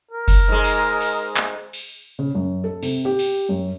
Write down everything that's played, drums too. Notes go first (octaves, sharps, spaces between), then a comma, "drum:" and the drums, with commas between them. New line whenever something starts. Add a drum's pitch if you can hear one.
A#4
drum: kick F#1, cymbal
G#2 G#3
drum: cymbal
drum: cymbal
drum: clap
drum: cymbal
C#3
F#2
A4
C3, drum: cymbal
G4
drum: cymbal
F#2